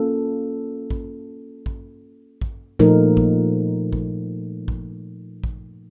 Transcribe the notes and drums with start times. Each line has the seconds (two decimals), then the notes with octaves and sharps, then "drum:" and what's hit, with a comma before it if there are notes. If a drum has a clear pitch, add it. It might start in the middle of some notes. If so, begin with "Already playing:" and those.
Already playing: A#3 C#4 F4 A4
0.90 drum: kick A1
1.66 drum: kick A1
2.41 drum: kick A1
2.79 A#2 F3 A3 D#4 A#4
3.17 drum: kick A1
3.93 drum: kick A1
4.68 drum: kick A1
5.44 drum: kick A1